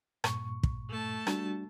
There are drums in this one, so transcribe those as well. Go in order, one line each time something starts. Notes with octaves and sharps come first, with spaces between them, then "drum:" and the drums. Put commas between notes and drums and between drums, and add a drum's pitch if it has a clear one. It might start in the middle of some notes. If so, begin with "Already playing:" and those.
G2 A#2 C#6, drum: rim click
drum: kick
A3 A5
G3 D4 F#4, drum: rim click